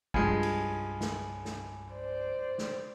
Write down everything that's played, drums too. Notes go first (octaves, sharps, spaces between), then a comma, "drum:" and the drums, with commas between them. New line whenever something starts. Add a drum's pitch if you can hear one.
C2 G2 F3 G#3 G#5 B5 G#6, drum: kick
drum: cymbal
drum: snare
drum: snare
C5 D5
drum: snare